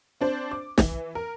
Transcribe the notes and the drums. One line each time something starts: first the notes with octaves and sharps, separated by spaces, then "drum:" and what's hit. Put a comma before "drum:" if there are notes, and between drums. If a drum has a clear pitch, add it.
C4 D4 C5
D6
E3, drum: snare
A#4